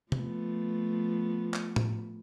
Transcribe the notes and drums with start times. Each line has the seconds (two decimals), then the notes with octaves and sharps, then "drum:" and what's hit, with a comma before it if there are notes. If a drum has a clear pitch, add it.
0.12 F3 A3 B3, drum: tom C3
1.54 drum: clap
1.76 drum: tom A2